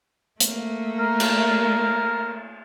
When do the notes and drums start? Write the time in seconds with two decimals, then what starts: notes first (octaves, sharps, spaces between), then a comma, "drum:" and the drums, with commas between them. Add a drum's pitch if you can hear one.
0.40 A3 A#3, drum: hi-hat
0.99 A#4
1.20 drum: cymbal